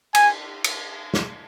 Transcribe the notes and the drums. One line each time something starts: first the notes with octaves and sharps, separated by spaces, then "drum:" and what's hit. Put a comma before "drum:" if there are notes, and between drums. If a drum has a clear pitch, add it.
G#5, drum: cymbal
drum: cymbal
drum: snare